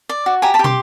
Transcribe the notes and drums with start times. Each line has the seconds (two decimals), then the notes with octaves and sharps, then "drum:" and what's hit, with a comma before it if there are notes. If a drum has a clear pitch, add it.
0.09 D5
0.26 F#4
0.42 G4 G#5 A#5
0.54 A5 B5
0.59 G4
0.64 C6 D6, drum: tom